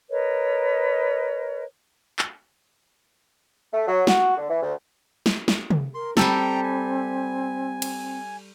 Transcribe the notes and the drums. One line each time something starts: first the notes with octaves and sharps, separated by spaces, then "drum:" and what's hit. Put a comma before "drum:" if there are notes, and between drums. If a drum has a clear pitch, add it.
A#4 B4 C#5 D#5
drum: clap
A3
F#3
F#4, drum: snare
D3
E3
D2
drum: snare
drum: snare
drum: tom
A#4 C6
G3 C4 G4 A4 G5 A#5, drum: snare
G#5
drum: cymbal